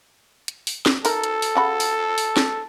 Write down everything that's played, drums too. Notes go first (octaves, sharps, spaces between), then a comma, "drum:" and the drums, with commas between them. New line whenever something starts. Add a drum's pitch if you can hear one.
drum: hi-hat
drum: open hi-hat
drum: snare
D#4 A4 A#4, drum: open hi-hat
drum: hi-hat
drum: open hi-hat
C#3 F#4 B5
drum: open hi-hat
drum: open hi-hat
drum: snare